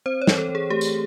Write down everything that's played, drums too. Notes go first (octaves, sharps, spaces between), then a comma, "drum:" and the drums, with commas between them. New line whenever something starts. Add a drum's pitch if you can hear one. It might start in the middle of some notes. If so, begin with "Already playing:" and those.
C4 C5
C#5
E3, drum: snare
A4
E3
G#4
A3 G4
drum: tambourine